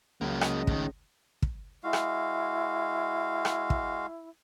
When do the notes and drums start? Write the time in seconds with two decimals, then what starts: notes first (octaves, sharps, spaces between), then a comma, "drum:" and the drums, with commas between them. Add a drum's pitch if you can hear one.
0.21 C#2 F#3 A#3
0.41 D#5, drum: rim click
0.67 A2 D#3, drum: kick
1.42 drum: kick
1.84 G#3 E4 F#4 F5
1.93 drum: rim click
3.45 drum: rim click
3.70 drum: kick